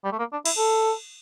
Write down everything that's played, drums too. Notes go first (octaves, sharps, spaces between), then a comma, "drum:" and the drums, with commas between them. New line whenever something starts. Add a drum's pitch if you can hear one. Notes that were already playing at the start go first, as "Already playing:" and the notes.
G3
A3
A#3
D4
E4, drum: cymbal
A4